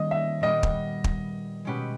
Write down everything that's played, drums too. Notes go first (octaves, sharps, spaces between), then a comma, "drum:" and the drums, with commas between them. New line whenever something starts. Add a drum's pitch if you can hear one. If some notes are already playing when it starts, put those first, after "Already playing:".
Already playing: D#3 G3 G4 D#5
E5
A#2 G3 B3 G4 A#4 D#5
drum: kick
drum: kick
B2 G#3 C#4 G4 B4